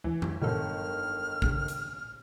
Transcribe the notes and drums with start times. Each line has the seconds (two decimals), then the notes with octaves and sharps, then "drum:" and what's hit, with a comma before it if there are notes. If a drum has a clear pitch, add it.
0.04 D2 E3
0.22 drum: tom F2
0.42 G1 A#2 D3 D#3 A4 F6
1.42 D2 G2 C#3, drum: kick
1.68 drum: hi-hat